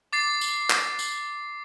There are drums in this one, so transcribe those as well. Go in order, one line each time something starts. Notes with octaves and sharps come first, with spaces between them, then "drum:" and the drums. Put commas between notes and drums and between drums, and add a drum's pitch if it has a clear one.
D6 A6 C7
drum: tambourine
drum: clap
drum: tambourine